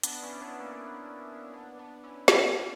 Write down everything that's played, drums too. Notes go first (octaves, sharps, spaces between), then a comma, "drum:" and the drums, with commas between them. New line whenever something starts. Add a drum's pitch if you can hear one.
B3 D4, drum: hi-hat
C#4 E4
B3 D4
A#3 C#4
B3 D4
B3 D4
C#4 E4
B3 D4, drum: snare
A#3 C#4
C#4